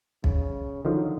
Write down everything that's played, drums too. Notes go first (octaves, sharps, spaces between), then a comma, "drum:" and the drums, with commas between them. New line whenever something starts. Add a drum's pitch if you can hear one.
C#3, drum: kick
D3 D#3 F3 F#3